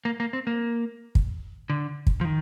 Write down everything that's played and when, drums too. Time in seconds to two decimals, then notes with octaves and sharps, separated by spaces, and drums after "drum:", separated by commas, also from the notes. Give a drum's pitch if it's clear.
0.05 A#3
0.20 A#3
0.33 C4
0.47 A#3
1.15 drum: kick
1.70 D3
2.07 drum: kick
2.21 F3
2.25 D#3